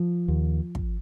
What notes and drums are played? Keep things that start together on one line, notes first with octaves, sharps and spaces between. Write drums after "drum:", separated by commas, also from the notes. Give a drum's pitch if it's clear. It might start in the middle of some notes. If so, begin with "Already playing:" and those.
Already playing: F3
D#2
drum: kick